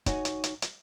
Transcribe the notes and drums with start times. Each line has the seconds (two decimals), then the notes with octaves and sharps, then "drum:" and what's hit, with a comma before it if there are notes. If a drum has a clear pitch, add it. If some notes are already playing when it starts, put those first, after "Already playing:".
0.06 D#4 F#4 C#5 F#5 G#5, drum: kick, hi-hat
0.25 drum: hi-hat
0.44 drum: hi-hat
0.62 drum: hi-hat